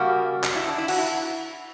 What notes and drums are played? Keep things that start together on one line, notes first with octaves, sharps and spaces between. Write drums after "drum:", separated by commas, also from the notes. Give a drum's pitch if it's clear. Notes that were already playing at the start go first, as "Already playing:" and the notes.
Already playing: C#3 G3 A#3 F#4
drum: clap
E4
D4
E4
F#4, drum: cymbal
E4